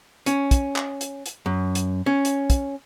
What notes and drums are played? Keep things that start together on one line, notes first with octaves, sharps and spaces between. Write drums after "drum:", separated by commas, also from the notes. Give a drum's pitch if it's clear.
C#4, drum: hi-hat
drum: kick, hi-hat
drum: clap
drum: hi-hat
drum: hi-hat
F#2
drum: hi-hat
C#4
drum: hi-hat
drum: kick, hi-hat